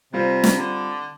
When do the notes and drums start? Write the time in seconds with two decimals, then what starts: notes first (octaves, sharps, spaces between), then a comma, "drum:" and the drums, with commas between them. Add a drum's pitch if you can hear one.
0.13 C3 G3 C4 F4
0.44 drum: snare
0.59 D3